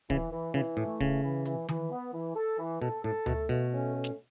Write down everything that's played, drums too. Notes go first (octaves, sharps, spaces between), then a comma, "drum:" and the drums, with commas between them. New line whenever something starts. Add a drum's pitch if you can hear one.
C#3 E3, drum: kick
E3
C#3 E3
A2 A3
C#3 E3, drum: kick
E3
E3, drum: hi-hat
E3, drum: tom D#3
B3
E3
A4
E3
B2 A4
A2 A4
B2 A3, drum: tom D2
B2 A3
C#4
A3
drum: snare